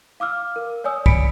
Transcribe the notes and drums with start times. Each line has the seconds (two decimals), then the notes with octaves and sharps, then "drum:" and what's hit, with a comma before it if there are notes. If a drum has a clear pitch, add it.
0.20 F5 D6 E6 F6
0.56 A#4
0.84 C#5 D5 G#5 D#6 E6
1.06 B5 B6 C#7 D7, drum: kick